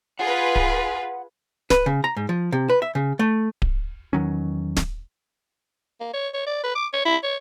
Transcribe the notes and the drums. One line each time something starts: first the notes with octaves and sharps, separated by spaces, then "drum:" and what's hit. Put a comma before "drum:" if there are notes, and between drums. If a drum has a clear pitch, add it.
F4 G#4 B4 F#5
drum: kick D1
B4, drum: snare
C#3
A#5
G#2
F3
C3
B4
E5
C#3
A3
drum: kick D1
E2 D#3 F#3 C#4
drum: snare
A#3
C#5
C#5
D5
B4
D6
C#5
E4
C#5